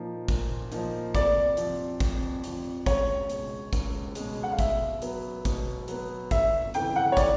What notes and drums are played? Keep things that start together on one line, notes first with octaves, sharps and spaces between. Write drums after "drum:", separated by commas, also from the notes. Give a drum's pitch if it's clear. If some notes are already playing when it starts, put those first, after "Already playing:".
Already playing: A#2 F3 A#3 D#4
A#2, drum: kick, hi-hat
F3 A#3 D#4, drum: hi-hat
F2 D5, drum: kick, hi-hat
C3 F3, drum: hi-hat
F2, drum: kick, hi-hat
C3 F3, drum: hi-hat
C#2 C#5, drum: kick, hi-hat
B2 G#3, drum: hi-hat
C#2, drum: kick, hi-hat
B2 G#3, drum: hi-hat
F#5
F5
B2 E5, drum: kick, hi-hat
F#3 B3, drum: hi-hat
B2, drum: kick, hi-hat
F#3 B3, drum: hi-hat
G1 E5, drum: kick, hi-hat
F2 C#3 E3 G5, drum: hi-hat
F#5
C#5
D5, drum: kick, hi-hat